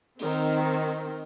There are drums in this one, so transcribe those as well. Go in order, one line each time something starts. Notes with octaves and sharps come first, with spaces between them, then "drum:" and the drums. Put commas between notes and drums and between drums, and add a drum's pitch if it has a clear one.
D#3 C4, drum: open hi-hat